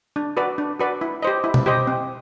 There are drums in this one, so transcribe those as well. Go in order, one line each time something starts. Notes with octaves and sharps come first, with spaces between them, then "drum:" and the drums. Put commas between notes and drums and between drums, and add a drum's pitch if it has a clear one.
D4
F#4 B4 D5
D4
F#4 B4 D5
E4
G4 C5 D#5
E4
drum: tom B2
G4 C5 D#5
C4